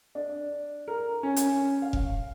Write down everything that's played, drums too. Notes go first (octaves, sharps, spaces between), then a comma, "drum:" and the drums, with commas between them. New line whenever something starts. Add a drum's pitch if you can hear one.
D4
A#4
C#4
drum: hi-hat
F5
drum: kick F1